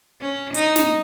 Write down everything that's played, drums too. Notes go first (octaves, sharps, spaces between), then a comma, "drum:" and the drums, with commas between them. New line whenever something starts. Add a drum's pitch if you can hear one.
C#4
D#4, drum: hi-hat
drum: snare